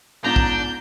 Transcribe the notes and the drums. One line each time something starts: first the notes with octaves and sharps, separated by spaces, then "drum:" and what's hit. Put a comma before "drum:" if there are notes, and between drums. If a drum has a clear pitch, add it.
G#2 B3 D4 F4 A#5 G6
drum: kick